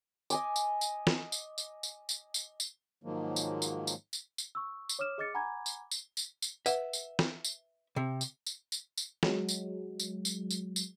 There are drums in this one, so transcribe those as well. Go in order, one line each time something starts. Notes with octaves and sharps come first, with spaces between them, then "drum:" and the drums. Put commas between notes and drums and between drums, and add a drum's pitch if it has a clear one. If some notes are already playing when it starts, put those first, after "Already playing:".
D#5 G#5 D6, drum: tambourine
drum: tambourine
drum: tambourine
drum: snare
drum: tambourine
drum: tambourine
drum: tambourine
drum: tambourine
drum: tambourine
drum: tambourine
G#2 D#3 F3 F#3 G#3 A#3
drum: tambourine
drum: tambourine
drum: tambourine
drum: tambourine
drum: tambourine
C#6 E6
drum: tambourine
C#5 D6 D#6 F6 E7
G#4 D#5 D6 F6 A6 C#7
F#5 G#5 A#5 B5 D6 G#6
drum: tambourine
drum: tambourine
drum: tambourine
drum: tambourine
B4 E5 F#5, drum: tambourine
drum: tambourine
drum: snare
drum: tambourine
C3
drum: tambourine
drum: tambourine
drum: tambourine
drum: tambourine
F#3 G#3, drum: snare
drum: tambourine
drum: tambourine
drum: tambourine
drum: tambourine
drum: tambourine